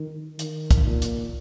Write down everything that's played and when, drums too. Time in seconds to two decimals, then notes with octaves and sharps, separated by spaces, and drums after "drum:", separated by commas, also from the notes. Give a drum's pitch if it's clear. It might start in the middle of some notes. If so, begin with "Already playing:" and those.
Already playing: D#3
0.39 D#3, drum: hi-hat
0.71 drum: kick, hi-hat
0.86 A#2
1.02 drum: hi-hat